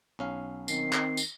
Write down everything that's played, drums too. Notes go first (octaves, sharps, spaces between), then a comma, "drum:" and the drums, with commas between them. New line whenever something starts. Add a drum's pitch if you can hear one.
B1 C#4 F5
D#3 C4 C7, drum: tambourine
drum: clap
drum: tambourine